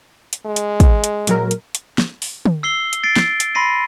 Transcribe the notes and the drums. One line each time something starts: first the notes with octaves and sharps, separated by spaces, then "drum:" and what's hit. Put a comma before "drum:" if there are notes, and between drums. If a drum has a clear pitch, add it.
drum: hi-hat
G#3
drum: hi-hat
drum: kick, hi-hat
drum: hi-hat
A#2 F#3 A#4, drum: hi-hat
drum: hi-hat
drum: hi-hat
drum: snare
drum: open hi-hat
drum: tom
E6 C7 G7
drum: hi-hat
A6 C7 D7
drum: snare
drum: hi-hat
B5 C6 A#6 C7 D#7